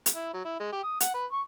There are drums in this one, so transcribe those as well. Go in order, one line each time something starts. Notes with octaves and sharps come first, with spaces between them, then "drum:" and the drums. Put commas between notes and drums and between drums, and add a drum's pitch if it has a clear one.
drum: hi-hat
E4
F#3
E4
G#3
G4
D#6
F#5, drum: hi-hat
B4
C#6